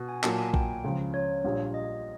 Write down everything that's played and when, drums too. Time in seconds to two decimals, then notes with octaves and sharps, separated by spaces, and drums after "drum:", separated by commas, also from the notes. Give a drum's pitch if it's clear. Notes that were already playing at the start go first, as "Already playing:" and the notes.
Already playing: B2
0.09 G#5
0.23 A#2 F#3 A#3 A5, drum: clap
0.39 G#5
0.54 G5, drum: kick A#1
0.84 C#2 C#3 F3
1.14 C#5
1.44 A#1 A#2 G3
1.74 D#5